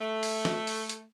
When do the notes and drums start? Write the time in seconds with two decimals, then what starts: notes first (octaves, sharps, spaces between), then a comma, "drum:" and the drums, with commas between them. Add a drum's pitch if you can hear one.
0.01 A3
0.23 drum: open hi-hat
0.45 drum: snare
0.67 drum: open hi-hat
0.89 drum: hi-hat